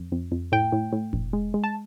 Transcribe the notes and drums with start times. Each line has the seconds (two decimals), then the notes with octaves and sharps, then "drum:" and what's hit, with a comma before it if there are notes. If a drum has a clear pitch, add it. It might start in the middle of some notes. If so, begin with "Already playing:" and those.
Already playing: F2
0.12 F2
0.32 F2
0.52 A2 G5
0.72 A2
0.93 A2
1.13 A#1, drum: kick F1
1.33 G#3
1.54 G#3
1.64 A5